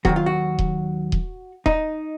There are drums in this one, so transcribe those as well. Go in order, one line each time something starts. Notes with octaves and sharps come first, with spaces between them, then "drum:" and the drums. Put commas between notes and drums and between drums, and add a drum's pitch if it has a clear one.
D#2 D#3 F#3 F#4, drum: kick D#1
F4
F#4
drum: kick D#1
drum: kick D#1
D#4, drum: kick D#1